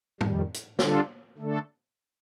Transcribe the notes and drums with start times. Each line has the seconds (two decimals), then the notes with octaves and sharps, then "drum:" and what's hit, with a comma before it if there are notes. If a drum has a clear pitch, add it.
0.21 F2 D#3 G3, drum: tom G#2
0.54 drum: hi-hat
0.79 D3 G3 D4 F4 A4, drum: snare
1.38 D3 A3 D4 A4